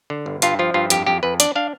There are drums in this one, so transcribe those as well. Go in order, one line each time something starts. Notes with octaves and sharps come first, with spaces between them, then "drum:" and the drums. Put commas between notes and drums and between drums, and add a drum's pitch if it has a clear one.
D3
G1
G2 F4, drum: hi-hat
F3 F4
G2 F4
F2 G4, drum: hi-hat
F2 G4
F2 B4
D4 D5, drum: hi-hat
D4 F5